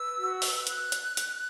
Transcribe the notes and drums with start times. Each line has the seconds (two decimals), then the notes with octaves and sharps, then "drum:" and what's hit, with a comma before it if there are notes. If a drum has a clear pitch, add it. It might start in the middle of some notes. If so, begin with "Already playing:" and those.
Already playing: B4 E6
0.16 F#4
0.42 B4, drum: open hi-hat
0.67 F#6, drum: hi-hat
0.92 drum: hi-hat
1.17 drum: hi-hat